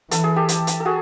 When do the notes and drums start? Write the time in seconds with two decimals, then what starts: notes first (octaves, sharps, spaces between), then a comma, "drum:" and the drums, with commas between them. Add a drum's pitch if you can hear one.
0.11 E3 A4, drum: hi-hat
0.24 G#4
0.36 G4 A4
0.49 drum: hi-hat
0.67 drum: hi-hat
0.80 A4
0.85 F#4 G#4